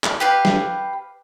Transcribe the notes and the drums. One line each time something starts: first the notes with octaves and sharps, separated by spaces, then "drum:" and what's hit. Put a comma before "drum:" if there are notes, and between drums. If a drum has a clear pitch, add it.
drum: clap
G4 B4 F5
drum: snare